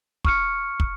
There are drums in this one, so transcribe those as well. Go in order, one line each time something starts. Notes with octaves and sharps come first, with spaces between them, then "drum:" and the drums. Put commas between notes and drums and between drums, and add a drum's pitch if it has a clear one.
C#6 F6 C#7, drum: kick
drum: kick